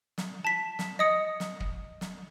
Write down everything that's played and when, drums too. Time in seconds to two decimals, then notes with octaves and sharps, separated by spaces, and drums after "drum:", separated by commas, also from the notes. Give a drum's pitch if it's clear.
0.18 drum: snare
0.45 A5 B6
0.79 drum: snare
0.99 D#5 D#6 C#7
1.40 drum: snare
1.60 drum: kick
2.01 drum: snare